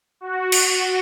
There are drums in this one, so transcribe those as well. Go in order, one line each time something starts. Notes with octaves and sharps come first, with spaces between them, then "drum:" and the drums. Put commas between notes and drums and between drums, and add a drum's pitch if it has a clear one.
F#4
F#4, drum: cymbal